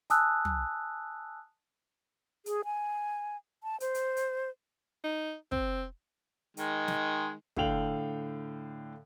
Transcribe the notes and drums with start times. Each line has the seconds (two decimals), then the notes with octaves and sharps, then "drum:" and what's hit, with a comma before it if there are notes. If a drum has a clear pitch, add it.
0.10 G#5 A5 D#6 E6 F#6, drum: hi-hat
0.45 drum: tom
2.46 G#4, drum: hi-hat
2.65 G#5
3.64 A5
3.80 C5, drum: hi-hat
3.94 drum: hi-hat
4.17 drum: hi-hat
5.04 D#4
5.52 C4, drum: kick
6.57 D#3 G#3, drum: hi-hat
6.88 drum: snare
7.57 A2 D3 F5 G5 F7 F#7, drum: kick